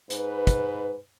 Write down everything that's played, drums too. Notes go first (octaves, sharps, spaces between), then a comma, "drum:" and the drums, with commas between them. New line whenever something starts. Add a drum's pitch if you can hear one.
G#2 B4, drum: hi-hat
drum: kick, hi-hat